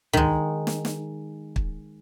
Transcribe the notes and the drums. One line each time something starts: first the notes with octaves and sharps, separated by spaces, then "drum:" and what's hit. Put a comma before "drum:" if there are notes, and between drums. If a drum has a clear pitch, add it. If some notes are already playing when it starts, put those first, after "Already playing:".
D#3 G#3, drum: tom
drum: snare
drum: snare
drum: kick